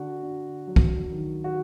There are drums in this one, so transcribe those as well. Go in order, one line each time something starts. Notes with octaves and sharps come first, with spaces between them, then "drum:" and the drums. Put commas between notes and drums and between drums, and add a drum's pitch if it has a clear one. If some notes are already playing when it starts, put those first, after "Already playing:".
Already playing: D3 F#4
D3
F#3
drum: kick
D#3
F#4